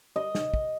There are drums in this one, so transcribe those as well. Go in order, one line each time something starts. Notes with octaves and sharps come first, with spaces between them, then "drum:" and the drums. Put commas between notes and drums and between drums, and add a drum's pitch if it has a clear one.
D#5
drum: snare
drum: kick